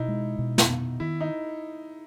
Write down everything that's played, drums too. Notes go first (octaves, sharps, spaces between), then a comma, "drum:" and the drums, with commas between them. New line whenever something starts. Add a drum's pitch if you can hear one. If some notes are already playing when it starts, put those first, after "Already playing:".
Already playing: B2 D#4 E4
G#3
B2
drum: snare
B3
D#3 E4
D#4